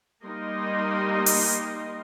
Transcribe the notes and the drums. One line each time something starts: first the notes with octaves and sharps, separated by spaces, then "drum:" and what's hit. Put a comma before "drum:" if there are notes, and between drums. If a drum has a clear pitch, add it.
G3 A#3 D#4 A#4 D#5 C6
drum: open hi-hat